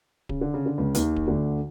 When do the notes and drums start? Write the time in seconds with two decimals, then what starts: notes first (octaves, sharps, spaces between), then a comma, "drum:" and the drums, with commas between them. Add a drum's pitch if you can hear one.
0.29 C#3, drum: kick D1
0.41 D3
0.54 C#3
0.66 D3
0.78 C#2 C#3
0.95 D#2 D#3, drum: hi-hat
1.16 drum: kick D1
1.27 D2 D3